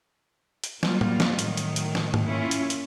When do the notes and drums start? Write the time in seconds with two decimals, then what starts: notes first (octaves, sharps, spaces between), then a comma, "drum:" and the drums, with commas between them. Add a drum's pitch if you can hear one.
0.64 drum: hi-hat
0.83 F#3 G3 A#3 F4, drum: snare
1.01 drum: tom A2
1.20 drum: snare
1.39 A2 D#3 F#3, drum: hi-hat
1.57 drum: hi-hat
1.76 drum: hi-hat
1.95 drum: snare
2.14 drum: tom G#2
2.27 A#3 C#4 E4 F4
2.51 drum: hi-hat
2.70 drum: hi-hat